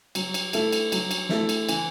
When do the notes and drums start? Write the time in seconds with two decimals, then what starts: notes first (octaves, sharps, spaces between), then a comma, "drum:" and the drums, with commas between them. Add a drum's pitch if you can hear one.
0.15 F#3, drum: cymbal
0.34 drum: cymbal
0.53 A3 E4 A4, drum: cymbal
0.73 drum: cymbal
0.92 F#3, drum: cymbal
1.11 drum: cymbal
1.29 A3 E4 A4, drum: snare
1.49 drum: cymbal
1.69 E3, drum: cymbal